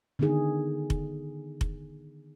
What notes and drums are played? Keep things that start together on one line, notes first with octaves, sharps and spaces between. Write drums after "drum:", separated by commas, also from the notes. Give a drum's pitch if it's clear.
D3 D#3 B3 D#4 G#4
drum: kick F1
drum: kick F1